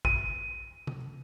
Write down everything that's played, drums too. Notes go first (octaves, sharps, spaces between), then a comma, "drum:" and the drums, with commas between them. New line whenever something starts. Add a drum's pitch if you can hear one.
D#7, drum: kick
drum: tom C3